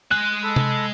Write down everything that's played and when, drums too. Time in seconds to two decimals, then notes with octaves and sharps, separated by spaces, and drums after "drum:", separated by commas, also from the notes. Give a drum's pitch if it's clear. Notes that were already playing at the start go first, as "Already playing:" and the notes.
0.11 G#3 G#5 F#6
0.43 A4 B5
0.56 drum: tom C3